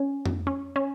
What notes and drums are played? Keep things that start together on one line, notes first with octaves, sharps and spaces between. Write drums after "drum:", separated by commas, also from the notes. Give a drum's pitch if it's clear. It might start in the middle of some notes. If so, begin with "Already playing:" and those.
Already playing: C#4
drum: tom F2
C#4
C#4